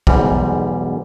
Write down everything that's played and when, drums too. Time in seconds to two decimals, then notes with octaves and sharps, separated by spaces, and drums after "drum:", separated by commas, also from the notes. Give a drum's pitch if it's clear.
0.07 B1 E2 G#2 G3, drum: kick